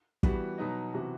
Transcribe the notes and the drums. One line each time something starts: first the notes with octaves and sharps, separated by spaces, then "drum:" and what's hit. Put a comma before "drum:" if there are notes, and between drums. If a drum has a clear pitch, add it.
E3 G3 B3 F#4, drum: kick
B2 F#3 B3 D#4
C3 E3 B3 F#4